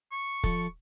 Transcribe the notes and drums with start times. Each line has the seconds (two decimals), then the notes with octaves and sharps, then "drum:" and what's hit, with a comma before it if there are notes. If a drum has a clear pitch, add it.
0.12 C#6
0.43 F3 A4, drum: kick